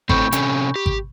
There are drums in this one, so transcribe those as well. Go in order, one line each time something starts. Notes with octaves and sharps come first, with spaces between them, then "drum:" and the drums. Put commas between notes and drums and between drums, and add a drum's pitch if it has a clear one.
A2 C4 A4 B5 C#6 G6, drum: kick G#1
C3 C#4 A4, drum: hi-hat
G4
drum: kick G#1